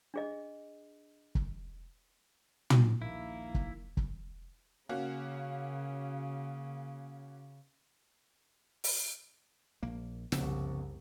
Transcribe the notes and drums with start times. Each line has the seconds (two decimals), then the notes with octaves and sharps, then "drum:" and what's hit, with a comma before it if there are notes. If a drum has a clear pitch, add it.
0.14 D4 G#4 D#5
1.35 drum: kick
2.70 drum: tom
3.02 A#1 D#2 A#3 E4
3.54 drum: kick
3.97 drum: kick
4.89 C#3 A#3 C#4 F#4
8.84 drum: open hi-hat
9.83 A#1 A#3
10.32 F#1 C2 C#3 F3 B3, drum: snare